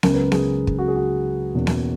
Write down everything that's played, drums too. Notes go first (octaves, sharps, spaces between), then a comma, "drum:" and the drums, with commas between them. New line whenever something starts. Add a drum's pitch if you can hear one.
C#2 C#3 F#3 C#4 A#4, drum: snare B3
B4
A#4
G#4, drum: snare B3
drum: kick
F#4
G#4
F#4
E2 B2 A#3 C#4
drum: snare B3